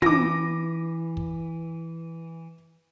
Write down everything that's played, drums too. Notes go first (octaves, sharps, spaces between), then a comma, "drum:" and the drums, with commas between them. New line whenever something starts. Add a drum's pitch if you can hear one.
E3 D6 A#6, drum: tom
drum: kick